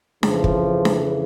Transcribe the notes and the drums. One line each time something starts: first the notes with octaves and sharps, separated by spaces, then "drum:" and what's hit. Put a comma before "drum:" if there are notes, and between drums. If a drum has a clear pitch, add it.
F2 C#3 E3 F3, drum: snare D4
drum: kick
drum: snare D4